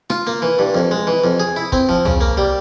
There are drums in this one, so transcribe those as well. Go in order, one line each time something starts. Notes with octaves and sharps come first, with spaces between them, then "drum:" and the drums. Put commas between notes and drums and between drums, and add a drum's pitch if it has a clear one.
F4, drum: rim click
A#3
E3
G2
F2
G#3
E3
F2
G#4
E4
C4, drum: kick
F3
C#3, drum: tom C2
A#3
G3